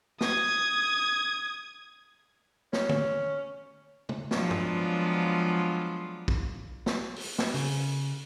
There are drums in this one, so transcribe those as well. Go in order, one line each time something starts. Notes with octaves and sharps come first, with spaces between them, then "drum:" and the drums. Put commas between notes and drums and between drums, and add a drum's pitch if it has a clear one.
D#6 G#6, drum: snare
C#4, drum: snare
drum: tom
drum: tom
F3 F#3 G#3 B3 D4 F4, drum: snare
drum: tom G2
drum: kick
drum: snare
drum: open hi-hat
drum: snare
C#3, drum: open hi-hat